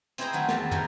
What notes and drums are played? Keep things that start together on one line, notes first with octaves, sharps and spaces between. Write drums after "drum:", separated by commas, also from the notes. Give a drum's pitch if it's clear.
C4 E4 G#4 C5 D#5 A#5, drum: hi-hat
D#3 F#3 A3
E2 A5, drum: snare
E3 D#4 G4 A#4 G#5, drum: tom